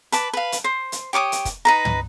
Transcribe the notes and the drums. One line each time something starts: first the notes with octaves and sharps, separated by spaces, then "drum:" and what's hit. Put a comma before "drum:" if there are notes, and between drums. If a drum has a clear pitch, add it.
B4 A5 D6, drum: hi-hat
B4 F5
drum: hi-hat
C5
drum: hi-hat
G4 C#5 D6 D#6
drum: hi-hat
drum: kick, hi-hat
D#4 B4 A#5
drum: tom